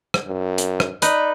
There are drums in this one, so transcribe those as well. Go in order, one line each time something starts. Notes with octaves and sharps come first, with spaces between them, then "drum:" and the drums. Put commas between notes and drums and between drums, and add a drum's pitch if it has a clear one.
drum: rim click
F#2
drum: hi-hat
drum: rim click
D#4 B4 D5, drum: hi-hat